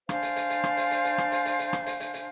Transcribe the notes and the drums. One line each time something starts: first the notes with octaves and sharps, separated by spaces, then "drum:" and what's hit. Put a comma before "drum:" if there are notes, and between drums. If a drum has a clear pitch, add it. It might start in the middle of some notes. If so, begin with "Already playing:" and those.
D4 C5 F5 G#5, drum: rim click
drum: hi-hat
drum: hi-hat
drum: hi-hat
drum: rim click
drum: hi-hat
drum: hi-hat
drum: hi-hat
drum: rim click
drum: hi-hat
drum: hi-hat
drum: hi-hat
drum: rim click
drum: hi-hat
drum: hi-hat
drum: hi-hat